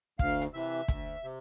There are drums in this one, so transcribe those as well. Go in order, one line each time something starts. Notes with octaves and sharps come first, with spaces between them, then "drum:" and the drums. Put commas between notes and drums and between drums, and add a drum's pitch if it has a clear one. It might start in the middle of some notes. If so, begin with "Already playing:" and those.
D2 F5, drum: kick
drum: hi-hat
C3 E3 E5
D2, drum: kick, hi-hat
C3